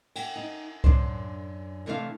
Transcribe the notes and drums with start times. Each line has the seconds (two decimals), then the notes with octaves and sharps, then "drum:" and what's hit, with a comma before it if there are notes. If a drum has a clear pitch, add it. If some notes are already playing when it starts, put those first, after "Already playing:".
0.16 G5, drum: cymbal
0.36 D#4
0.84 F#2 D4 C5, drum: kick C#2
1.86 C3 E3 A3 D4 C#5 F5